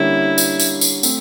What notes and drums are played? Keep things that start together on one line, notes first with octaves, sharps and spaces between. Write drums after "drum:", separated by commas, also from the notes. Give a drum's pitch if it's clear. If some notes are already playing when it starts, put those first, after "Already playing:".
Already playing: D3 G3 A#3 C#4 E4
drum: tambourine
drum: tambourine
drum: tambourine
A3 C4, drum: tambourine